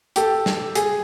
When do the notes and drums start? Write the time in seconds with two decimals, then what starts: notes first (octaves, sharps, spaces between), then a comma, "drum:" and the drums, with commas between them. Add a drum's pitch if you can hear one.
0.16 G4 A4, drum: hi-hat
0.46 drum: snare
0.75 G#4, drum: hi-hat